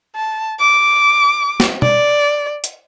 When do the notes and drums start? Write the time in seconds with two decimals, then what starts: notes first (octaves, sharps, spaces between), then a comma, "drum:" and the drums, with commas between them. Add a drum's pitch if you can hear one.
0.16 A5
0.60 D6
1.60 drum: snare
1.82 D5, drum: tom B2
2.64 drum: hi-hat